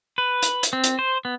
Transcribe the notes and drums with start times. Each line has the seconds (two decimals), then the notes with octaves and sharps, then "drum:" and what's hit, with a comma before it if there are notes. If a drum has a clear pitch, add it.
0.18 B4
0.42 drum: hi-hat
0.63 drum: hi-hat
0.73 C4
0.84 drum: hi-hat
0.99 C5
1.25 B3